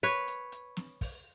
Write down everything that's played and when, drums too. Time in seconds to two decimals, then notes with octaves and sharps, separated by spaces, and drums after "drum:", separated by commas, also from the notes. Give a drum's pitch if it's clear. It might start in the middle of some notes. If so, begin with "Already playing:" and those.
0.03 B4 C#5, drum: hi-hat
0.28 drum: hi-hat
0.52 drum: hi-hat
0.77 drum: snare
1.01 drum: kick, open hi-hat